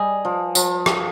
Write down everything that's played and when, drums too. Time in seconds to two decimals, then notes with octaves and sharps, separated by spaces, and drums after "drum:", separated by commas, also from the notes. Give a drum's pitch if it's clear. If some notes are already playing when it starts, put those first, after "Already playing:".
Already playing: G3 G#4 D#5 G#5
0.25 F3
0.55 F3, drum: tambourine
0.86 drum: rim click